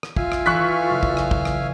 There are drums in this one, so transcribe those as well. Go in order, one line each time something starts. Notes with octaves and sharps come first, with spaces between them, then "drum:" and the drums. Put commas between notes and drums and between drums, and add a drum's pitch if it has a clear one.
drum: rim click
F4 E5 F5 G#5, drum: kick
drum: rim click
E3 A4 C#6 F#6 B6
F#1
drum: kick
drum: rim click
drum: kick
drum: rim click